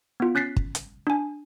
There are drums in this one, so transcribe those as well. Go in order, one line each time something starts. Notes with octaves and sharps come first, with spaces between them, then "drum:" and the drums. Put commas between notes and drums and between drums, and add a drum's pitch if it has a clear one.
B3 F4
C#4 F#6 A6 B6 C7
drum: kick
drum: hi-hat
D4 G#5